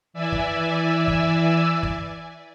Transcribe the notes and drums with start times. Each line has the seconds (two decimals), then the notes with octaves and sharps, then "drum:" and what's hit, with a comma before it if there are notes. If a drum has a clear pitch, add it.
0.14 E3 D5 E5 G#5 E6
0.32 drum: kick
1.08 drum: kick
1.83 drum: kick